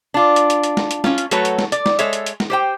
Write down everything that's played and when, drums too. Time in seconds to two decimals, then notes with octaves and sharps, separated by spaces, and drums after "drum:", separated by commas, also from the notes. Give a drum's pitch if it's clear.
0.14 D4 F4
0.36 drum: hi-hat
0.50 drum: hi-hat
0.64 drum: hi-hat
0.77 drum: snare
0.91 drum: hi-hat
1.04 C#4 F4, drum: snare
1.18 drum: hi-hat
1.31 F#3 A3 F#4 A4 B4 C#5, drum: hi-hat
1.45 drum: hi-hat
1.59 drum: snare
1.72 D5, drum: hi-hat
1.86 drum: snare
1.99 G#3 A4 C#5 E5, drum: hi-hat
2.13 drum: hi-hat
2.26 drum: hi-hat
2.40 drum: snare
2.50 G4 C5 G5